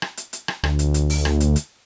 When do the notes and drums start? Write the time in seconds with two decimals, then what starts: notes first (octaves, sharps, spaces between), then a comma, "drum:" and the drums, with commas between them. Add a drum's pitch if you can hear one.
0.02 drum: rim click
0.17 drum: hi-hat
0.33 drum: hi-hat
0.48 drum: rim click
0.64 D2, drum: rim click
0.79 drum: hi-hat
0.94 drum: hi-hat
1.10 drum: open hi-hat
1.25 drum: rim click
1.40 drum: hi-hat
1.56 drum: hi-hat